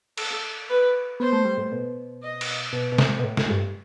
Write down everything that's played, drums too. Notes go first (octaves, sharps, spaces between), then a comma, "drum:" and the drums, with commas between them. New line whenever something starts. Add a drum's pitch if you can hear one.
A4, drum: cymbal
B4
B3 C5
A3
G3
A2
B2
D#5
drum: cymbal
B2
B2
C3, drum: snare
B2
A2
A2, drum: snare
G2